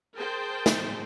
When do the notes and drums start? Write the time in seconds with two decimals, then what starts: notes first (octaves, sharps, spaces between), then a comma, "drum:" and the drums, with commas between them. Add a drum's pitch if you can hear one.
0.15 G#4 A#4 C5 G5 A5
0.66 drum: snare